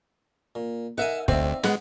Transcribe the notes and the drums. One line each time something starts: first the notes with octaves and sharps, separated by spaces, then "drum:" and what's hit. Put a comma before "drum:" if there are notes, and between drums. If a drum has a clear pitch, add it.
A#2
D#4 A#4 E5 F#5 G#5
D2 C4 D#4 D5 E5, drum: kick
G#3 B3 F#5, drum: snare